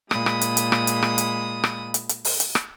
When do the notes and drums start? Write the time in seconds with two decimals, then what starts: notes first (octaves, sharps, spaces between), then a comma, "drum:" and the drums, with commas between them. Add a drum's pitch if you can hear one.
0.11 A#2 G#3 B5 D#6, drum: rim click
0.26 drum: rim click
0.41 drum: hi-hat
0.57 drum: hi-hat
0.72 drum: rim click
0.87 drum: hi-hat
1.03 drum: rim click
1.18 drum: hi-hat
1.64 drum: rim click
1.94 drum: hi-hat
2.09 drum: hi-hat
2.25 drum: open hi-hat
2.40 drum: hi-hat
2.55 drum: rim click